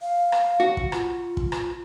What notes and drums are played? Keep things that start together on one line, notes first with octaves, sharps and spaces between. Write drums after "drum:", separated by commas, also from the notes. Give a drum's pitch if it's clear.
F5
drum: rim click
F#4
drum: kick
F4, drum: rim click
drum: kick
drum: rim click